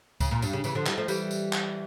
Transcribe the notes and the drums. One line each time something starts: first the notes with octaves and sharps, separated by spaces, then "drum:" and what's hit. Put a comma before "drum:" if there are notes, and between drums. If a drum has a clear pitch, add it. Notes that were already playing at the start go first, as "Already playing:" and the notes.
C#3, drum: kick C#2, tambourine
A#2
G2, drum: tambourine
C#3
C#3 E3, drum: tambourine
D3 F3
E3 G3, drum: clap
F3 A3
E3 G3, drum: tambourine
drum: tambourine
drum: clap